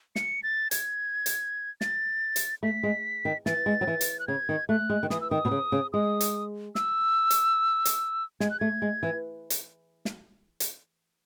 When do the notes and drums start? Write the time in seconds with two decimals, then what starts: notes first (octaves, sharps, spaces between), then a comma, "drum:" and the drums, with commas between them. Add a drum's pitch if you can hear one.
0.16 C#7, drum: snare
0.43 A6
0.71 G#6, drum: hi-hat
1.26 drum: hi-hat
1.81 A6, drum: snare
2.36 drum: hi-hat
2.63 A3 B6
2.83 G#3
3.25 D#3
3.46 E3 A6, drum: snare
3.66 G#3
3.81 F#3
3.87 E3
4.01 drum: hi-hat
4.19 F#6
4.28 C#3 G#6
4.49 D#3
4.69 A3 F#6
4.90 G#3
5.03 D#3
5.10 E3 D#6, drum: snare
5.21 E6
5.30 D#3 D#6
5.45 B2
5.51 C#3
5.72 C#3
5.93 G#3 D#6
6.21 drum: hi-hat
6.75 E6, drum: snare
7.30 drum: hi-hat
7.85 drum: hi-hat
8.40 G#3 G#6, drum: snare
8.50 F#6
8.60 A3 G#6
8.82 G#3
9.03 E3
9.50 drum: hi-hat
10.05 drum: snare
10.60 drum: hi-hat